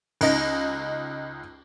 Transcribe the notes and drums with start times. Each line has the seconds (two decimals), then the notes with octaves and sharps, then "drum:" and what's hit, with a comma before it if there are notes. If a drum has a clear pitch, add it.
0.21 C#2 D#4 A#6, drum: cymbal